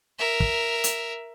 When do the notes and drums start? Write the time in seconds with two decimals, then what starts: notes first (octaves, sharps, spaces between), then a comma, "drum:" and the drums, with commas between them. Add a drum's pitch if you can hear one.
0.19 A#4 E5
0.40 drum: kick
0.84 drum: hi-hat